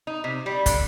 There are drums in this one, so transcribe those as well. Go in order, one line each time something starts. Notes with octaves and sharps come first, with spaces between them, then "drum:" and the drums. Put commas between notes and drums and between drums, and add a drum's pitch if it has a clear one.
D#4
C3
G3
D3, drum: kick, hi-hat